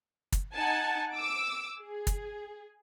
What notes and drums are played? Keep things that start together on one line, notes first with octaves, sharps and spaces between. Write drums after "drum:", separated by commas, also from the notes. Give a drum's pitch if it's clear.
drum: kick, hi-hat
D#4 F#5 G#5 A5
D6 E6 D7
G#4
drum: kick, hi-hat